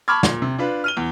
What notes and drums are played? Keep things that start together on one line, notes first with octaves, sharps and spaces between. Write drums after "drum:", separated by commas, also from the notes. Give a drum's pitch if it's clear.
A5 B5 C#6 D6 F6 G#6
A#2, drum: snare
C3
D4 F4 B4
F6 D#7 G7
E2